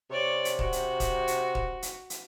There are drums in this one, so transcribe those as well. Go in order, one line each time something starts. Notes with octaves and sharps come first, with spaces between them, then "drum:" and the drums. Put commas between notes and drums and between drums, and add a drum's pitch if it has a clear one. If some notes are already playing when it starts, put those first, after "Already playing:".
C3 C#5 D5
drum: hi-hat
F#4, drum: kick
drum: hi-hat
drum: kick, hi-hat
drum: hi-hat
drum: kick
drum: hi-hat
drum: hi-hat